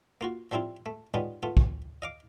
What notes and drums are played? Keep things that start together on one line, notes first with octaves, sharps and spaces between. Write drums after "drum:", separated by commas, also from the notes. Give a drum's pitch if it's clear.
A#3 F4 F#4
F3 G3 C4 E4 F4
A3
G3 G#3 B3 C#4 D#4 F4
A3 B3 F4
drum: kick
D#5 F5 D6